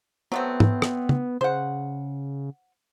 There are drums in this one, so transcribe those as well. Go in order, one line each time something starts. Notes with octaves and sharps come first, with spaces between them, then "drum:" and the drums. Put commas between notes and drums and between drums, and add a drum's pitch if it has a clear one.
F#3 A3 B3 C4
drum: tom G#2
drum: rim click
drum: tom
C#3 C5 F#5